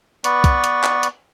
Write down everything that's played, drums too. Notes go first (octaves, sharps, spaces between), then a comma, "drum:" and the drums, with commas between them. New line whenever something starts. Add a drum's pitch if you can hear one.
B3 B4 D5 C#6, drum: hi-hat
drum: kick, hi-hat
drum: hi-hat
drum: clap
drum: hi-hat